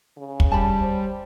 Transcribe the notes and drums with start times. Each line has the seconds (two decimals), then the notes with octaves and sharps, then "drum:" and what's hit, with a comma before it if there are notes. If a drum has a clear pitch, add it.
0.17 C#3
0.40 drum: kick
0.52 G3 A5 B5
0.82 C5